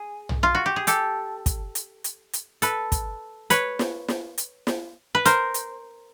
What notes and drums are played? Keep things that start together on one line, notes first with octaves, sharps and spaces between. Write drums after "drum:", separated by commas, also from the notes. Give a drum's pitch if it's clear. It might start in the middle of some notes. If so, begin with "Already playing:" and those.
Already playing: G#4
drum: tom
F4
F#4
G4
G#4
G4 A4, drum: hi-hat
drum: kick, hi-hat
drum: hi-hat
drum: hi-hat
drum: hi-hat
A4 B4, drum: hi-hat
drum: kick, hi-hat
B4 C#5, drum: hi-hat
drum: snare
drum: snare
drum: hi-hat
drum: snare
B4
A#4 C5, drum: hi-hat
drum: hi-hat